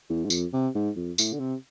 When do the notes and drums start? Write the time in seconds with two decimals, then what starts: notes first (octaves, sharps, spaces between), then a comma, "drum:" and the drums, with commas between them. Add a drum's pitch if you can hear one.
0.09 E2
0.25 G#2
0.30 F2, drum: tambourine
0.53 C3
0.75 G#2
0.96 F2
1.18 A2, drum: tambourine
1.34 D3
1.39 C3